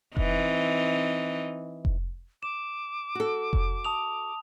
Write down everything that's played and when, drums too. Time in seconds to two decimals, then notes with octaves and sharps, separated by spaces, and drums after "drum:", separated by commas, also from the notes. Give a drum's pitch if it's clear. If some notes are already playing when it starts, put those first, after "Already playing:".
0.17 E3 C4 D#4, drum: kick F1
1.85 drum: kick F1
2.43 D6 E7
3.15 F#4 A4
3.53 drum: kick F1
3.84 A5 D#6 F7